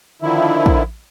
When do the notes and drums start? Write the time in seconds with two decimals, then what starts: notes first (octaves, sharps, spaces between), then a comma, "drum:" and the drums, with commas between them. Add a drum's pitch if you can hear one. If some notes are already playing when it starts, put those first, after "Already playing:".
0.22 D3 D#3 F3 E4
0.66 drum: kick